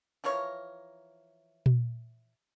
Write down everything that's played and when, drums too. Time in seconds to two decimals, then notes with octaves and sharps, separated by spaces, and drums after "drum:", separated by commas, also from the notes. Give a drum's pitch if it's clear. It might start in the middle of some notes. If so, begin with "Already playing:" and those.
0.24 E3 F3 A#4 C#5
1.66 drum: tom A#2